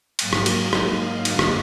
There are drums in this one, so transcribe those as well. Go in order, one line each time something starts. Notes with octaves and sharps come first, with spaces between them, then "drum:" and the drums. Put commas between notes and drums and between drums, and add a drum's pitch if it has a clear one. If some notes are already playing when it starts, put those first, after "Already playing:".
G#2 F#3 A#3 F5, drum: cymbal
drum: rim click
drum: cymbal
D#5, drum: rim click
F#2 D3 G#3 F5, drum: cymbal
drum: rim click